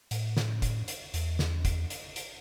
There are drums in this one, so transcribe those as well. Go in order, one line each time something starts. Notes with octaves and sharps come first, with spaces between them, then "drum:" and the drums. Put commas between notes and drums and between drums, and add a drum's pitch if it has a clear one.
A2, drum: hi-hat
drum: snare
drum: kick, hi-hat
drum: hi-hat
E2, drum: hi-hat
drum: snare
drum: kick, hi-hat
drum: hi-hat
drum: hi-hat